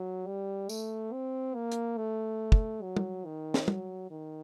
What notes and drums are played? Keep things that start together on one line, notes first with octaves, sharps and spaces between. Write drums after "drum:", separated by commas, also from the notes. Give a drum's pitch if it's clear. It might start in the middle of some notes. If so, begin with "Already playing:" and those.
Already playing: F#3
G3
A3, drum: tambourine
C4
A#3
drum: hi-hat
A3
drum: kick
F#3
drum: tom
D#3
drum: snare
F#3, drum: tom
D#3